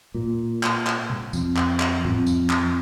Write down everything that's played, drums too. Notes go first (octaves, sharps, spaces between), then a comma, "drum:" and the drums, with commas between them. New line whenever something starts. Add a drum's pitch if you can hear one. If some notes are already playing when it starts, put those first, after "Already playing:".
A#2
drum: clap
drum: clap
drum: tom B2
F2, drum: tambourine
drum: clap
drum: clap
F2, drum: tom A2
drum: tambourine
drum: clap